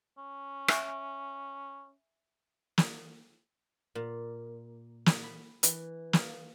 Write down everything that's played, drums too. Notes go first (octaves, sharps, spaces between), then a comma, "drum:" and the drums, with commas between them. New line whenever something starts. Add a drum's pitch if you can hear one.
C#4
E5 G#5 C#6, drum: rim click
drum: snare
A#2
drum: snare
B5
E3, drum: hi-hat
F5, drum: snare